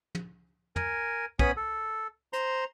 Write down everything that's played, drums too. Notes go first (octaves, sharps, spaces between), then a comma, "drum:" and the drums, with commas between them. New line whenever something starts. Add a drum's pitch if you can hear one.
drum: tom
A#4 G#5, drum: tom
B3 C#4 G#5 B5 D#6, drum: kick
A4
C5 A#5 C6, drum: hi-hat